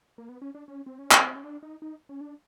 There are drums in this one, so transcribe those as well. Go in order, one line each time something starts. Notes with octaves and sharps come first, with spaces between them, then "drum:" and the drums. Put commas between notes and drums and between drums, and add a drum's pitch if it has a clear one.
A#3
B3
C#4
D4
C#4
C4
C#4
C4, drum: clap
C#4
D4
D#4
D#4
C#4
D4